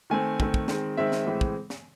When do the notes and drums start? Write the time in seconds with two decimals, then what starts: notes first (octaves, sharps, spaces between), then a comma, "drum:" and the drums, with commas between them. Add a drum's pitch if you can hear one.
0.10 D#3 A3 C4 G#5
0.40 D#3 A3 C4, drum: kick
0.54 drum: kick
0.68 D#3 G#3 C4, drum: snare
0.97 D#3 G#3 C4 E5
1.12 drum: snare
1.26 A2 E3 G#3 C4
1.41 drum: kick
1.70 drum: snare